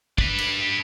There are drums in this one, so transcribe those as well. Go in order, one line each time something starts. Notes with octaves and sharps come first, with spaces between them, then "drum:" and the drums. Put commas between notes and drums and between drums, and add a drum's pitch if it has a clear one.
D4 B4, drum: kick
drum: cymbal